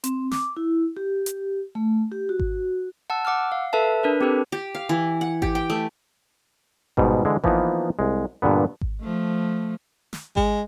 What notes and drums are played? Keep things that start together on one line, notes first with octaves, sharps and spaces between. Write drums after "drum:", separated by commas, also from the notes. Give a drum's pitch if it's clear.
C4, drum: hi-hat
D6, drum: snare
E4
G4
drum: hi-hat
A3
G4
F#4
drum: kick G#1
F#5 A5 E6
F#5 D6 E6 F6
F5
A4 B4 E5 A5
D4 A#4 B4
C4 G4 A4 B4
G4
F5
E3
F#5
G4, drum: kick G#1
G5
A3
G#2 B2 G3, drum: kick G#1
D3 E3 G#3
E3 F3 A#3 B3 D#4, drum: kick G#1
C2 G#3
G2 A#2 D3 B3
drum: kick G#1
F3 A3
drum: snare
G#3, drum: kick G#1